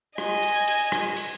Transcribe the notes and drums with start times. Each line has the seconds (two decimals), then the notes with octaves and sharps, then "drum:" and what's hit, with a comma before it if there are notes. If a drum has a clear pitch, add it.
0.18 D#5 G#5, drum: rim click
0.43 drum: cymbal
0.67 drum: cymbal
0.92 drum: rim click
1.17 drum: cymbal